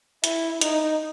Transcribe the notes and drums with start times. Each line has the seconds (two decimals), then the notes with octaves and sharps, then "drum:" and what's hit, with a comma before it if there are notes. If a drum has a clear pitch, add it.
0.24 E4, drum: hi-hat
0.61 D#4, drum: hi-hat